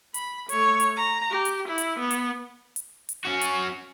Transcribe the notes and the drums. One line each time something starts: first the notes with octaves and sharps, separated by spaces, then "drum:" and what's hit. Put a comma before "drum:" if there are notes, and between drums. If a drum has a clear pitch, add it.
B5, drum: hi-hat
A3 C#5, drum: hi-hat
drum: hi-hat
A#5
G4
drum: hi-hat
E4
drum: hi-hat
B3
drum: hi-hat
drum: hi-hat
drum: hi-hat
C#4 F#4
drum: hi-hat